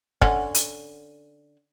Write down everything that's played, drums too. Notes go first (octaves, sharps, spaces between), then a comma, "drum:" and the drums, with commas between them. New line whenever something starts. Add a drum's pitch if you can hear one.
D3 C#4, drum: kick
drum: hi-hat